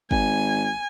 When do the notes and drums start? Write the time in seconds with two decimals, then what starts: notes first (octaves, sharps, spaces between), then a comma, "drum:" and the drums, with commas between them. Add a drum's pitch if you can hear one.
0.11 G#1 G#5, drum: kick G1